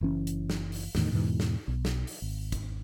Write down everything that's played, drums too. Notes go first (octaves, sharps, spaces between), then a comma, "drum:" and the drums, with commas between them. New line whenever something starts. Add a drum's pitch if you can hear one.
F#1 E3 C#4
drum: hi-hat
drum: snare
drum: open hi-hat
E2 A2 D#3, drum: snare
E2 G#2 B2 E3
drum: snare
B1
drum: snare
drum: open hi-hat
G#1
drum: kick, hi-hat